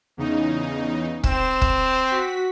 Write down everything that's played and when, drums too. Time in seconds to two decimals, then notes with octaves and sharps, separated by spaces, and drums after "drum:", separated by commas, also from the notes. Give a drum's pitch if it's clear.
0.17 E2 C#3 D#4
1.24 C4 E7, drum: kick
1.61 drum: kick
2.08 F#4 B6